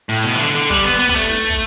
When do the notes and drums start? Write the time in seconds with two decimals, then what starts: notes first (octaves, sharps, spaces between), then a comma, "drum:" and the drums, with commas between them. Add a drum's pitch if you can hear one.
0.09 A2, drum: hi-hat
0.24 B2
0.35 E3
0.40 D3
0.55 D3
0.70 G3, drum: kick, hi-hat
0.84 B3
0.99 B3
1.09 B3, drum: kick, hi-hat
1.15 A3
1.30 drum: snare
1.50 drum: kick, hi-hat